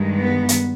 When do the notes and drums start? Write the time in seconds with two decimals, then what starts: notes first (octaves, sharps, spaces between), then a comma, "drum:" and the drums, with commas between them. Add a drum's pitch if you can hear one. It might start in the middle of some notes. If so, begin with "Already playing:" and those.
Already playing: G2 D#3 G#3
0.15 B3
0.49 drum: hi-hat